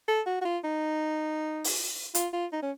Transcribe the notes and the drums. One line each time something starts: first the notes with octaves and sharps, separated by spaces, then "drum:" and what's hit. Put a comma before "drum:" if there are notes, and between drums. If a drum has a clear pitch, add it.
A4
F#4
F#4
F4
D#4
drum: open hi-hat
F4, drum: hi-hat
F4
D#4
C#4